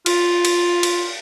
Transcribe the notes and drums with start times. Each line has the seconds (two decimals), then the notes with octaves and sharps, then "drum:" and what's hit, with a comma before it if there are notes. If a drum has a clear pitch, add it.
0.06 F4, drum: cymbal
0.45 drum: cymbal
0.83 drum: cymbal